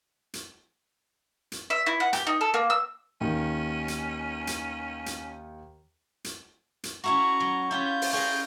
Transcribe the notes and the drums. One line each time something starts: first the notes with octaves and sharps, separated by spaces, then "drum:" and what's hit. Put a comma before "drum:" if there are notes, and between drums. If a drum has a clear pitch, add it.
drum: hi-hat
drum: hi-hat
E5
E4
F#5
G4, drum: hi-hat
D#4
A4
A#3
E6
D#2 D#3 C#4
drum: hi-hat
drum: hi-hat
drum: hi-hat
drum: hi-hat
drum: hi-hat
C#4 E4 F#4 A#5 C#6
F#3
C#4 E4 F4 G4 G6
drum: open hi-hat
C#4 G#4 A#4 G6